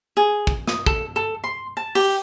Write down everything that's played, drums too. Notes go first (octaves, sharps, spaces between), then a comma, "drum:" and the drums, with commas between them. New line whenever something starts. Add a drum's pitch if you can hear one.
G#4
drum: kick
D#6, drum: snare
A4, drum: kick
A4
C6
A5
G4, drum: open hi-hat